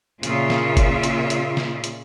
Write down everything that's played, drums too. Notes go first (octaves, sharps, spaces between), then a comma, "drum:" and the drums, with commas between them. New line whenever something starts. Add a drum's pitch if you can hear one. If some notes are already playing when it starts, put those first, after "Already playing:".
A#2 C#3 F4 E5, drum: hi-hat
drum: snare
drum: kick G1, hi-hat
drum: hi-hat
drum: hi-hat
drum: snare
drum: hi-hat